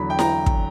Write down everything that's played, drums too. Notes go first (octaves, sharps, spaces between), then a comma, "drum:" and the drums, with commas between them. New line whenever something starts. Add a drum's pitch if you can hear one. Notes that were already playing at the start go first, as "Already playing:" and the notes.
Already playing: E2 D3 F#3 B5
G5
A#5, drum: snare E4
drum: kick